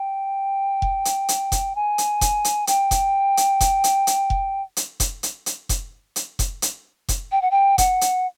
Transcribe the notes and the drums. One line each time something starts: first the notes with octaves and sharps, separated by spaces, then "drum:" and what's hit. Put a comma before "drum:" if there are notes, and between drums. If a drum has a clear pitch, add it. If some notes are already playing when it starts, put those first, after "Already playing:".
Already playing: G5
drum: kick F1
drum: hi-hat
drum: hi-hat
drum: kick F1, hi-hat
G#5
drum: hi-hat
drum: kick F1, hi-hat
drum: hi-hat
G5, drum: hi-hat
drum: kick F1, hi-hat
drum: hi-hat
drum: kick F1, hi-hat
drum: hi-hat
drum: hi-hat
drum: kick F1
drum: hi-hat
drum: kick F1, hi-hat
drum: hi-hat
drum: hi-hat
drum: kick F1, hi-hat
drum: hi-hat
drum: kick F1, hi-hat
drum: hi-hat
drum: kick F1, hi-hat
G5
F#5
G5
F#5, drum: kick F1, hi-hat
drum: hi-hat